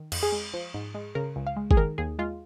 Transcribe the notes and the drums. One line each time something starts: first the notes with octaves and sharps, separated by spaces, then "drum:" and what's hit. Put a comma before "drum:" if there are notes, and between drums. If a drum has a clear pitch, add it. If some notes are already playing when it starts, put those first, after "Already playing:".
Already playing: D#3
F2, drum: cymbal
G#4
G#3
F3
G#2
G#3
C#3 A#4
C#2
F5
G#3
G#4, drum: kick
D#3 A#4
D#2 G#4
G#3 F4